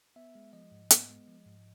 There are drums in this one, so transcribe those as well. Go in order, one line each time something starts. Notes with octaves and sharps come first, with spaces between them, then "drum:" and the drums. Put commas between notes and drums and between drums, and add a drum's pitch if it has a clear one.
B3 E5
G#3
F3 D#5
G#2
B3, drum: hi-hat
G#3
F3
G#2